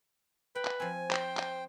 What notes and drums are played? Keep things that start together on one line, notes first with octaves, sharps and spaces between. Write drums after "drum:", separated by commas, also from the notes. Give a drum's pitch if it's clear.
B4 G5
drum: clap
F3 C4 G#5
C5 G5, drum: clap
drum: clap